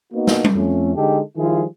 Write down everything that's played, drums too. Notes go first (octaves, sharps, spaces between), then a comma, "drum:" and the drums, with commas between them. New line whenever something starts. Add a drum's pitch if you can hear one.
A#3 B3 D#4 F#4
drum: snare
drum: tom G3
F2 A3 C#4
D3 G#3 D#4 G4 A4
D#3 F3 G3 E4 F4 G#4